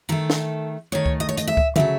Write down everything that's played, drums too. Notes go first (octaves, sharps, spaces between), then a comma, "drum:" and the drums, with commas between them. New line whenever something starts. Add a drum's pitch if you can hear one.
D#3 A3 A4
drum: snare
D#3 A3 C#5
drum: kick C#2
D#5
C#5
D#5, drum: hi-hat
E5
drum: kick C#2
C#3 F#3 A3 E5, drum: tom D3